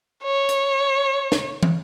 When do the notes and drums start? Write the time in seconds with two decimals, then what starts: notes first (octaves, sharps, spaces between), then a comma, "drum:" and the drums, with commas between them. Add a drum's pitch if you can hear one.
0.24 C#5
0.49 drum: hi-hat
1.32 drum: snare
1.63 drum: tom